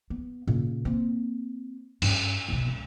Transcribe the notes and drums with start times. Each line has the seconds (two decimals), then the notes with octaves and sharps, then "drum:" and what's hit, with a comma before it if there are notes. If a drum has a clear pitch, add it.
0.10 B3
0.47 A#2 C#3
0.85 A#3 C4
2.02 G2 C#4, drum: cymbal
2.48 B1 B2
2.68 C#2